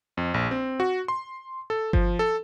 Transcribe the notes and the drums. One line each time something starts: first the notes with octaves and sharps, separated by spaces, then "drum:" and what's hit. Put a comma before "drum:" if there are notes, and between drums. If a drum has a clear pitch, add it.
F2
A#1
C4
F#4
C6
A4
F3, drum: kick G1
A4